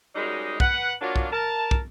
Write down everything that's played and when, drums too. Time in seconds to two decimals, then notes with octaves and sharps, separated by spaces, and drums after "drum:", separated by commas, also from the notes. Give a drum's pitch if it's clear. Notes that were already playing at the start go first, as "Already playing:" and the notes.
0.15 F#2 G3 G#3 D#4
0.60 B4 F#5, drum: kick
1.01 F#3 A#3 D4 F4
1.16 drum: kick
1.31 A#4 A5
1.71 drum: kick